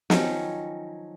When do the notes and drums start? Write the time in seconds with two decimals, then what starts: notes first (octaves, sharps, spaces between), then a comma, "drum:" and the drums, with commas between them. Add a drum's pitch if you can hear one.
0.10 D#3 F3 F#3 C#4, drum: snare